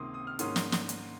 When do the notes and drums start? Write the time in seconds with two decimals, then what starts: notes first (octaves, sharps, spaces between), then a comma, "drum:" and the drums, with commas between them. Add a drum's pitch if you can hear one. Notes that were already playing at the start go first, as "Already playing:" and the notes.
Already playing: C#2 C3 D#3 A#3 C#4 C6 D#6
0.14 D#6
0.27 F6
0.39 G#2 D#3 A#3 C#4 C6 D#6, drum: hi-hat
0.56 drum: snare
0.72 drum: snare
0.89 drum: hi-hat